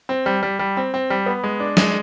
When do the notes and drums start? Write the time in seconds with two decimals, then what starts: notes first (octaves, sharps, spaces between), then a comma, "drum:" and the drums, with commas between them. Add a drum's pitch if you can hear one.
0.09 C4
0.26 G3
0.43 G3
0.59 G3
0.77 C4
0.94 C4
1.10 G3
1.26 B3
1.44 G#3
1.60 D4
1.77 G#3, drum: snare